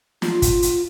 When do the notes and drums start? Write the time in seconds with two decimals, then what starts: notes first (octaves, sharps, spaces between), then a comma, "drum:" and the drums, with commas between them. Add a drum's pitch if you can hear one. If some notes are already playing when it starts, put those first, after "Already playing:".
0.22 F4, drum: snare
0.42 drum: kick, hi-hat
0.62 drum: hi-hat